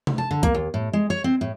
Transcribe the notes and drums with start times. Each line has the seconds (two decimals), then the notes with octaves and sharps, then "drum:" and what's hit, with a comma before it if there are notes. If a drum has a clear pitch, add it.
0.07 drum: tom C3
0.18 A5
0.31 D3
0.43 A#3, drum: kick C2, hi-hat
0.55 D#2
0.74 A2
0.93 G#3
1.10 C#5
1.24 C4
1.41 A2